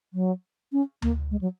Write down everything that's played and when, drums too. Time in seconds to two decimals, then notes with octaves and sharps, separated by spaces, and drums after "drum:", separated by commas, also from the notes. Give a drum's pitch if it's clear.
0.13 F#3
0.72 C#4
1.02 A#3, drum: tom D2
1.31 G#3
1.41 F#3